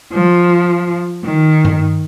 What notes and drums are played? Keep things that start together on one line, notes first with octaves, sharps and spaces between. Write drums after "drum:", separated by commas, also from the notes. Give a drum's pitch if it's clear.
F3
D#3
drum: tom G2